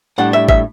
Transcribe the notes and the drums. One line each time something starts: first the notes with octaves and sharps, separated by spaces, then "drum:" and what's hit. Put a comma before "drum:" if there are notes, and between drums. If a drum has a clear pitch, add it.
A2 G3 D4 F#5
E5
E5, drum: kick G#1